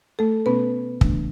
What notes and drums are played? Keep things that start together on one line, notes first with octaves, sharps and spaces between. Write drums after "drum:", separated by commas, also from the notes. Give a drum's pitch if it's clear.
A3 A4
B2 A3 B3 C#4 B4
C#3 E3 A3 D4, drum: kick